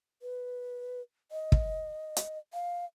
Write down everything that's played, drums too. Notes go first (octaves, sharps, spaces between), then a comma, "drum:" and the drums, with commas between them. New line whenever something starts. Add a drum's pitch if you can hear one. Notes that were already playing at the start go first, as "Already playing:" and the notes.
B4
D#5
drum: kick
drum: hi-hat
F5